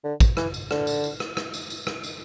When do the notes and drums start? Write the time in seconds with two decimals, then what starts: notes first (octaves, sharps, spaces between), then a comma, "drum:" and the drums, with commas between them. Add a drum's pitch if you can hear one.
0.04 D3
0.20 drum: kick, tambourine
0.37 E3, drum: rim click
0.54 drum: tambourine
0.71 D3, drum: rim click
0.87 drum: tambourine
1.04 drum: tambourine
1.20 drum: rim click
1.37 drum: rim click
1.54 drum: tambourine
1.70 drum: tambourine
1.87 drum: rim click
2.03 drum: tambourine